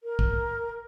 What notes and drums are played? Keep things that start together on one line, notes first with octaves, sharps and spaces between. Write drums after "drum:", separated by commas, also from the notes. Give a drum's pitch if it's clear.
A#4
drum: kick